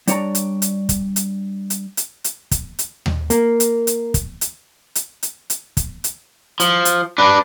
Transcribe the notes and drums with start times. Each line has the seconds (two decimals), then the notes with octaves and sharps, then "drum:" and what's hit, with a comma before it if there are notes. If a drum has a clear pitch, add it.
0.07 G3 D4 C#5 D5 A#5, drum: hi-hat
0.35 drum: hi-hat
0.62 drum: hi-hat
0.89 drum: kick, hi-hat
1.16 drum: hi-hat
1.70 drum: hi-hat
1.97 drum: hi-hat
2.24 drum: hi-hat
2.51 drum: kick, hi-hat
2.79 drum: hi-hat
3.06 drum: tom D#2
3.30 A#3, drum: hi-hat
3.60 drum: hi-hat
3.87 drum: hi-hat
4.14 drum: kick, hi-hat
4.41 drum: hi-hat
4.95 drum: hi-hat
5.23 drum: hi-hat
5.50 drum: hi-hat
5.77 drum: kick, hi-hat
6.04 drum: hi-hat
6.60 F3, drum: hi-hat
6.85 drum: hi-hat
7.18 D4 B4